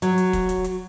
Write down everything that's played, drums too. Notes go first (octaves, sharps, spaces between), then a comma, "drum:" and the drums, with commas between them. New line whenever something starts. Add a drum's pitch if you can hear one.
F#3, drum: hi-hat
drum: hi-hat
drum: kick, hi-hat
drum: hi-hat
drum: hi-hat